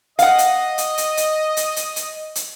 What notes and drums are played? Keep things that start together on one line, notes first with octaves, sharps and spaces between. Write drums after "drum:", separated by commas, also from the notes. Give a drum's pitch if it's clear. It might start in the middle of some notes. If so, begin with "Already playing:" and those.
D#5 F5 F#5, drum: hi-hat
drum: hi-hat
drum: hi-hat
drum: hi-hat
drum: hi-hat
drum: hi-hat
drum: hi-hat
drum: hi-hat
drum: hi-hat